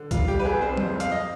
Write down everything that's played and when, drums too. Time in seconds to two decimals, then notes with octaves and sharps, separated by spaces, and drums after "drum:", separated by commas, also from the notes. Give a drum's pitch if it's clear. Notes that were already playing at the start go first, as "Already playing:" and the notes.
Already playing: D3
0.11 G3 F4, drum: kick B1, hi-hat
0.27 G3 G4
0.40 B4
0.45 C2 G#4
0.61 C3 C5
0.77 F2, drum: tom F#3
0.95 F2
1.00 F5, drum: hi-hat
1.12 D#5